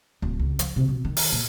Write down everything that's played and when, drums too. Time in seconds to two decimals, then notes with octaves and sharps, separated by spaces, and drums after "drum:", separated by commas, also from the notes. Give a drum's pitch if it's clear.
0.22 D1
0.40 C#2
0.59 F3, drum: hi-hat
0.76 C3
0.89 B2
1.05 D#3
1.17 drum: open hi-hat
1.32 A#2